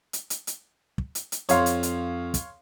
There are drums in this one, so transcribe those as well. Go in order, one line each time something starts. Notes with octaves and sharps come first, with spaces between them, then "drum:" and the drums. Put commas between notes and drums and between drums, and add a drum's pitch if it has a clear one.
drum: hi-hat
drum: hi-hat
drum: hi-hat
drum: kick
drum: hi-hat
drum: hi-hat
F2 C#5 F5 C6, drum: hi-hat
drum: hi-hat
drum: hi-hat
drum: kick, hi-hat